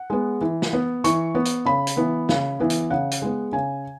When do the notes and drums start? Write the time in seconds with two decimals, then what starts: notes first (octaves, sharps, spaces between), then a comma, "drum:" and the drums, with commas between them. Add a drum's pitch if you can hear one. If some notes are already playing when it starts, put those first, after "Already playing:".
Already playing: F#5
0.10 G#3 B3
0.41 E3
0.62 drum: snare
0.73 B3
1.04 E3 C#6, drum: hi-hat
1.35 B3
1.45 drum: hi-hat
1.65 C#3 B5
1.87 drum: hi-hat
1.97 E3 B3
2.29 C#3, drum: snare
2.60 E3 B3
2.70 drum: hi-hat
2.90 C#3 F#5
3.11 drum: hi-hat
3.22 G#3 B3
3.53 C#3 G#5